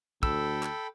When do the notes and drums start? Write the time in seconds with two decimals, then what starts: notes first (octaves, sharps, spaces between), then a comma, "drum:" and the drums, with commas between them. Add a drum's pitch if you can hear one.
0.23 D2 A4 G5 B5 E6, drum: kick
0.63 drum: clap